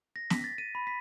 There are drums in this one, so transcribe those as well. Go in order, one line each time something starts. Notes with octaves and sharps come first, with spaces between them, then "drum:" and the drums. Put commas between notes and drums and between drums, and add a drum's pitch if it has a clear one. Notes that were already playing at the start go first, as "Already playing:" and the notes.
A#6
B6, drum: snare B3
A6
D#7
B5
B6